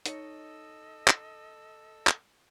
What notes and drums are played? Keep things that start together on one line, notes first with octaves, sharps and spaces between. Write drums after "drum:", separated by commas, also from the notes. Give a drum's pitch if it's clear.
D#4 A4 C#5 D#5 E6, drum: hi-hat
drum: clap
drum: clap